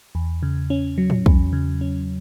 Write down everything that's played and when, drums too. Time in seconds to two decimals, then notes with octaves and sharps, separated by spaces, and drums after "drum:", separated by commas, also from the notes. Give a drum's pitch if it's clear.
0.15 E2
0.43 C#3
0.70 C#4
0.98 F#3
1.10 drum: tom A2
1.26 E2, drum: kick
1.53 C#3
1.81 C#4